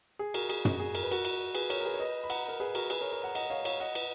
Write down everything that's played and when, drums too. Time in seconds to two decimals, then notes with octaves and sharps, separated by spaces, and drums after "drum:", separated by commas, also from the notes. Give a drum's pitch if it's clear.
0.19 G#4
0.34 F#4 A#4, drum: cymbal
0.49 G#4, drum: cymbal
0.65 F#4, drum: tom
0.80 G#4
0.95 A#4, drum: cymbal
1.03 B4
1.11 F#4 A#4, drum: cymbal
1.25 drum: cymbal
1.55 G#4 B4, drum: cymbal
1.70 A#4 C#5, drum: cymbal
1.81 A#4
1.85 G#4 B4
1.94 C#5
2.00 B4 D#5
2.24 B5
2.30 F#5 A#5, drum: cymbal
2.49 A#4
2.60 G#4 B4
2.75 F#4 A#4, drum: cymbal
2.90 G#4 B4, drum: cymbal
3.01 A#4 C#5
3.12 A#4 C#5
3.24 F#5 A#5
3.35 D#5 F#5, drum: cymbal
3.50 C#5 F5
3.65 C#5 F5, drum: cymbal
3.80 D#5 F#5
3.95 B4 D#5, drum: cymbal